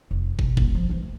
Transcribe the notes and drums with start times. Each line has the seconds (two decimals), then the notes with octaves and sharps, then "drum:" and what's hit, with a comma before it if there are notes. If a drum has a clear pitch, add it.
0.11 F1
0.39 B2, drum: kick
0.57 D#1, drum: kick
0.75 F3
0.90 E3 F3
1.02 A3